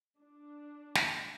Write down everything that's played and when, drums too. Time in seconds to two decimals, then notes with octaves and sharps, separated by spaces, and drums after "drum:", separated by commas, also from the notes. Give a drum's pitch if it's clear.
0.21 D4
0.95 drum: snare